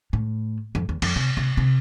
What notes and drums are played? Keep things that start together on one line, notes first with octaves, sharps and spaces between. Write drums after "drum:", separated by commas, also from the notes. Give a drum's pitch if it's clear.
A2
F2
E2
F2, drum: cymbal
C3
C3
C3